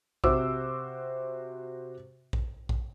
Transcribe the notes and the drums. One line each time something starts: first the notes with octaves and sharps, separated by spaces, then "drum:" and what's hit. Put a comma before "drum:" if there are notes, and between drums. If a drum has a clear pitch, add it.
C3 F#4 C5 D6 E6, drum: kick A#1
drum: kick A#1
drum: kick A#1